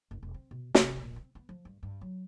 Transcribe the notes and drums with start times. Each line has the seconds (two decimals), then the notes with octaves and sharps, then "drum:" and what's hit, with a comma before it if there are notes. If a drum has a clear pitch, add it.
0.11 F#1
0.23 E1
0.34 C4
0.51 B2
0.75 C3, drum: snare
1.03 A#2
1.16 C4
1.35 B3
1.49 F3
1.65 G2
1.83 G2
2.01 F#3